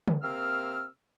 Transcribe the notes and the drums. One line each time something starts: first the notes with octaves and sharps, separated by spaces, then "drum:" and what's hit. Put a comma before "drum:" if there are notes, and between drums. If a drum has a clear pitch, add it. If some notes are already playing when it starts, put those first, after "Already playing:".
drum: tom C#3
C3 A#3 C4 E6 F6